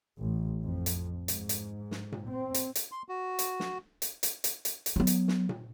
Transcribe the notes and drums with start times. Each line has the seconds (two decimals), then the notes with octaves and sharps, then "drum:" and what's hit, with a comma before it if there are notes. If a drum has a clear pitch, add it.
0.18 A1
0.61 F2
0.86 drum: hi-hat
1.28 G#2, drum: hi-hat
1.49 drum: hi-hat
1.91 drum: snare
2.12 drum: tom A#2
2.30 C4
2.54 drum: hi-hat
2.75 drum: hi-hat
2.92 C6
3.09 F#4
3.39 drum: hi-hat
3.60 drum: snare
4.02 drum: hi-hat
4.23 drum: hi-hat
4.44 drum: hi-hat
4.65 drum: hi-hat
4.86 drum: hi-hat
4.96 F#3 B3
5.07 drum: hi-hat
5.28 drum: snare
5.49 drum: tom A#2